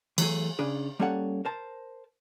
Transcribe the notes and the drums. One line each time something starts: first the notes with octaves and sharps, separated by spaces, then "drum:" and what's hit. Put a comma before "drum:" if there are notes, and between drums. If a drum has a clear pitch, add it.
E3 F#3 A3 G#4, drum: cymbal
C#3 D4 G#4
G3 A#3 C#4 A4 C#5 F#5
A#4 C5 A5